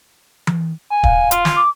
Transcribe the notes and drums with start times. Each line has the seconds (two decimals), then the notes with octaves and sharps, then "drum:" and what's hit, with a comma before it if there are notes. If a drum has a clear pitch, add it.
0.47 drum: tom E3
0.91 G#5
1.03 F5, drum: kick
1.31 F4, drum: hi-hat
1.45 drum: snare
1.57 D6